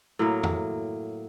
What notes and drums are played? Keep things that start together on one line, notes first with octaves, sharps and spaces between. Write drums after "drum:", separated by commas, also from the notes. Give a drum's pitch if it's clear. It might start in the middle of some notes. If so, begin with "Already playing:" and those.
A2 F#3 A#3
drum: tom F2